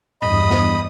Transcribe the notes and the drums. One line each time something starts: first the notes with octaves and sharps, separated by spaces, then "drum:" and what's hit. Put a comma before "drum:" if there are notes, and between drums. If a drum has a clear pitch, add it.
E2 G2 D#5 B5 D#6, drum: tom G#2
drum: snare